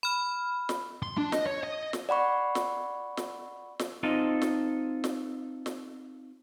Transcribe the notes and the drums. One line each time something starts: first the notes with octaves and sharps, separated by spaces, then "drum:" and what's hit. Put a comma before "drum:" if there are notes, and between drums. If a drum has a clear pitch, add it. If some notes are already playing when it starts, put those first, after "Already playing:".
B5 F6
drum: snare
C6
D4
D#5, drum: snare
C#5
D#5
drum: snare
D5 F#5 B5 C#6
drum: snare
drum: snare
drum: snare
C4 D#4 F4 A4 D#5
drum: snare
drum: snare
drum: snare